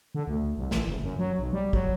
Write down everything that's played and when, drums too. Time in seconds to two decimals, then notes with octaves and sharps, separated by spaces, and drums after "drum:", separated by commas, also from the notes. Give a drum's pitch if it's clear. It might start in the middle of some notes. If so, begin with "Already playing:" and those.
0.15 D3
0.27 D2
0.58 C2
0.71 A1, drum: snare
0.88 F#1
1.04 F#2
1.19 F#3
1.39 B1
1.53 G3
1.73 F#3, drum: kick